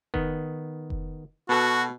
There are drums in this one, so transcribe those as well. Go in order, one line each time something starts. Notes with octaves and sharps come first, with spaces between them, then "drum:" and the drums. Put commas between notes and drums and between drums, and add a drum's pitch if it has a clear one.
D#3 B3, drum: kick F1
drum: kick F1
B2 B3 F#4 A4